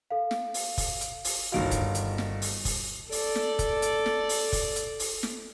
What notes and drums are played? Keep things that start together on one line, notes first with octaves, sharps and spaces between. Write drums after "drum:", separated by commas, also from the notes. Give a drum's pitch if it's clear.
A4 F5
drum: snare
drum: open hi-hat
drum: kick F1, open hi-hat
drum: hi-hat
drum: open hi-hat
G1 D#3 F#4 D#5 F5 D7
drum: kick F1, hi-hat
drum: hi-hat
drum: snare
drum: open hi-hat
drum: kick F1, open hi-hat
A4 D5, drum: open hi-hat
drum: snare
drum: kick F1, hi-hat
drum: hi-hat
drum: snare
drum: open hi-hat
drum: kick F1, open hi-hat
drum: hi-hat
drum: open hi-hat
drum: snare